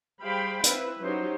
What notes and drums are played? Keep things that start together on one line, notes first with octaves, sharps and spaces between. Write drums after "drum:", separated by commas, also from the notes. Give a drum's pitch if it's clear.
G3 G#4 C5 F5 G5 B5
C4 E4 B4, drum: hi-hat
F#3 C#4 D#4 G4 C5 C#5